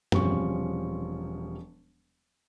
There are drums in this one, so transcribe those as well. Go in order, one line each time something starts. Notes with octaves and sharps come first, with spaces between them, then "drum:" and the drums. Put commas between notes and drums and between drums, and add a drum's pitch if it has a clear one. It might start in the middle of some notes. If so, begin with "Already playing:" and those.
E1 C3 F3 G3 C#4 C#6, drum: tom F#2